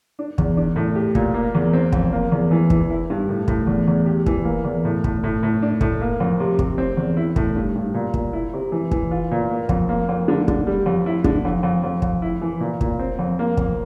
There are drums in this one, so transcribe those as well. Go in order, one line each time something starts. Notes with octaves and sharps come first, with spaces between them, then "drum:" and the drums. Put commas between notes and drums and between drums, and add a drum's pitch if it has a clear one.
D4
E2, drum: kick
D4
A2
G4
A#2, drum: kick
A#3
E2
C4
F2, drum: kick
A#3
E2
E3
E3, drum: kick
E4
G2
A2
A2, drum: kick
E2
E2
G4
E3, drum: kick
A#3
E2
A2
A2, drum: kick
A2
A2
D4
A2, drum: kick
A#3
F2
C3
C3, drum: kick
C4
E2
E4
A2, drum: kick
G2
G2
A#2
A#2, drum: kick
E4
C3
E3
E3, drum: kick
F4
A#2
A#3
F2, drum: kick
A#3
F2
D3
D3, drum: kick
G3
F2
E4
D3, drum: kick
F2
F2
F2
F2, drum: kick
E4
E3
A#2
A#2, drum: kick
C4
F2
A#3
F2, drum: kick